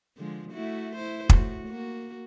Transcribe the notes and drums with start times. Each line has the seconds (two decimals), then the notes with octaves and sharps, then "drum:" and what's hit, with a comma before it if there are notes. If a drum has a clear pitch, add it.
0.17 D3 F3 G#3
0.52 A3 E4 F#4
0.96 E4 C5
1.29 A2 F#4, drum: kick
1.68 A#3 F#4